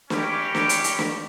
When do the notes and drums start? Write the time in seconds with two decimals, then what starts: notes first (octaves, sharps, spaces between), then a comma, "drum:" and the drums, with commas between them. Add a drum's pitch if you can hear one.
0.10 C#4 E4 G4 A#4 C#5, drum: snare
0.55 drum: snare
0.69 drum: hi-hat
0.84 drum: hi-hat
0.99 drum: snare